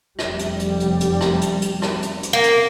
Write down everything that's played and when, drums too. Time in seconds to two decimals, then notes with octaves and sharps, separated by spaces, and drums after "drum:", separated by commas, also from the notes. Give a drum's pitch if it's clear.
0.19 F1 G3, drum: rim click
0.39 drum: hi-hat
0.60 drum: hi-hat
0.80 drum: hi-hat
1.00 drum: hi-hat
1.21 drum: rim click
1.41 drum: hi-hat
1.62 drum: hi-hat
1.82 drum: rim click
2.03 drum: hi-hat
2.23 drum: hi-hat
2.33 A#3
2.43 drum: hi-hat